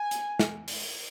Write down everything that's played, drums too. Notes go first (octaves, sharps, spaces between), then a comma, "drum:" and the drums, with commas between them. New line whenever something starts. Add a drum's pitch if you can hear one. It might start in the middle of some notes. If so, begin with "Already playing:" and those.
Already playing: G#5
drum: hi-hat
drum: snare
drum: open hi-hat